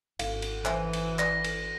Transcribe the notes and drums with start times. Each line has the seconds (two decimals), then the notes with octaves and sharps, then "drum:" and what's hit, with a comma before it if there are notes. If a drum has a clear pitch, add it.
0.19 G#1 F5, drum: cymbal
0.42 drum: cymbal
0.65 E3 C5 E5 G#5, drum: clap
0.93 drum: cymbal
1.19 D5 A#6, drum: clap
1.44 drum: cymbal